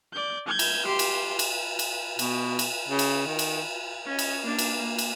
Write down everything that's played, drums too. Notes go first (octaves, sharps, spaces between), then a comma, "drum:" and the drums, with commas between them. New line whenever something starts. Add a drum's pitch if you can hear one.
D5 G6
G6 G#6
drum: cymbal
G4 C6
drum: cymbal
drum: cymbal
drum: cymbal
B2, drum: cymbal
drum: cymbal
C#3
drum: cymbal
D#3
drum: cymbal
C#4 D#5
drum: cymbal
A#3 D4
drum: cymbal
A#3
drum: cymbal